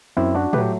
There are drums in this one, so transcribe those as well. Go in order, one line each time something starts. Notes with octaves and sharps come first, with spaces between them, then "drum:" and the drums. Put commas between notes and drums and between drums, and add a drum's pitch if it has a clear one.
F#2 C4 E4
D4 F#4
A3 G4 B4, drum: tom A2
F#3